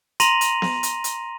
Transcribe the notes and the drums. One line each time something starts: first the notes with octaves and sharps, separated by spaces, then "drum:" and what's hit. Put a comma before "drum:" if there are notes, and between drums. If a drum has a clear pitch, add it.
A#5 C6 A#6 D#7 F7 F#7, drum: hi-hat
drum: hi-hat
drum: snare B3
drum: hi-hat
drum: hi-hat